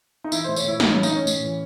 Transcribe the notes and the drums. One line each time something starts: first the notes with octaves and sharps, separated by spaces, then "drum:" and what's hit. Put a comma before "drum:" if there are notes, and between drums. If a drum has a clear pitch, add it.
D#4
E3 E4, drum: tambourine
A2 C5
C#5, drum: tambourine
A2 E4
E3 D#4, drum: snare
E3 C#4
D#4, drum: tambourine
A2 C#4
A2, drum: tambourine
E3